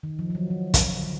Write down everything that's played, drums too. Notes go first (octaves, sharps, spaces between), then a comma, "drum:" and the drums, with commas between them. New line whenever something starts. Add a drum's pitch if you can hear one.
D#3
F3
F3
F#3
F3
drum: kick, hi-hat
D3